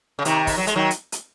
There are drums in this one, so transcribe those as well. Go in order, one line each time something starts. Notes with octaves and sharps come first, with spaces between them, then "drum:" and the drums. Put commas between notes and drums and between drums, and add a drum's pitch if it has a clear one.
C#3
C3 D#3, drum: hi-hat
drum: kick, open hi-hat
F#3
G#3, drum: hi-hat
D#3 F#3
drum: hi-hat
drum: hi-hat